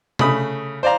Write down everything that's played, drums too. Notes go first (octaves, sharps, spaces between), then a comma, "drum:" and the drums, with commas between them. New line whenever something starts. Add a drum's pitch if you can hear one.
C#3 A3 B5 D#6, drum: tom C3
C5 D5 F5 A#5